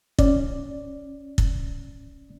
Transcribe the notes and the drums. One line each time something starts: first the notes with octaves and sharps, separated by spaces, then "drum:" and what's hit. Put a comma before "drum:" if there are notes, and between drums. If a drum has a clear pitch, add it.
C#4 D5, drum: kick
drum: kick